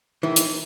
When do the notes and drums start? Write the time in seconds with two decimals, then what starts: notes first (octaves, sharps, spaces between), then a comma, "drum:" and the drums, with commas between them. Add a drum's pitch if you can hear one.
0.23 D#3 E3 G#3 E4
0.36 drum: hi-hat